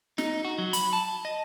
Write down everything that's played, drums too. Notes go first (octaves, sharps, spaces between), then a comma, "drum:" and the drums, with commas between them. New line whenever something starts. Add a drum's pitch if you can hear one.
D#4, drum: snare
F#4
F#3
B5, drum: hi-hat
A5
D#5